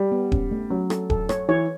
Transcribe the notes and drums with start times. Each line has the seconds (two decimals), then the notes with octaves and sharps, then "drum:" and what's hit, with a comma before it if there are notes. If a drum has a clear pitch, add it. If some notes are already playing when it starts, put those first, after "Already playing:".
Already playing: G3
0.12 B3
0.32 C#4, drum: kick D#1
0.51 A3
0.70 F#3 C#4
0.90 A4, drum: rim click
1.10 A4, drum: kick D#1
1.29 C#5, drum: rim click
1.49 E3 C#5